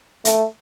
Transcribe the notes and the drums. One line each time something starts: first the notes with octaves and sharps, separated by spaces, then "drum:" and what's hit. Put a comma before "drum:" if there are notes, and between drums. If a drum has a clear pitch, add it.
A3, drum: hi-hat